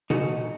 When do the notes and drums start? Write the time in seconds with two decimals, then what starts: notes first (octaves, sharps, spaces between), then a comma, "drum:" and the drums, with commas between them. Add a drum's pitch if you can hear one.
0.10 D#4 F#4, drum: tom B2